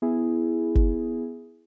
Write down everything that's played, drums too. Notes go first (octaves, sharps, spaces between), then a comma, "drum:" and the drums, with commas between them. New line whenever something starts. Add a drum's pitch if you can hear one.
B3 E4 G#4
drum: kick G1